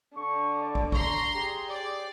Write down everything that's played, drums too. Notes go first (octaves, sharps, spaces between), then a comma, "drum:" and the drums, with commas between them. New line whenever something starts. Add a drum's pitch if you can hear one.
D3 C#6
D5
drum: kick
A#5 C6 C#6, drum: kick
G4 G#4
D5